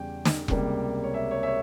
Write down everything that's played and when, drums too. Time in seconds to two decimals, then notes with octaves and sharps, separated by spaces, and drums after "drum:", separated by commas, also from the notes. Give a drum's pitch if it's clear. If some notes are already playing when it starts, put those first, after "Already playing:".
Already playing: E2 C#3 G3 G5
0.25 drum: snare
0.48 C#2 C3 G3 A#3, drum: kick E1
1.04 C#5
1.14 E5
1.31 C#5
1.43 E5
1.47 C#5